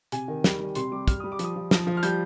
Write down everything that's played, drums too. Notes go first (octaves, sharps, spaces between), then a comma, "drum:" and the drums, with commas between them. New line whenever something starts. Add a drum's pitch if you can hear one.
C3 G#5, drum: hi-hat
D#3
G3, drum: snare
G3
C3 C6, drum: hi-hat
G3 D6
G3 F6, drum: kick, hi-hat
G3 D#6
D6
F3 D#6, drum: hi-hat
F3
F3, drum: snare
F3
F6
G3 G6, drum: hi-hat